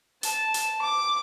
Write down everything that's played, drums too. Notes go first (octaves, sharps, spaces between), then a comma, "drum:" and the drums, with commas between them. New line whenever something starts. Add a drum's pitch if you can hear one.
A5, drum: hi-hat
drum: hi-hat
D6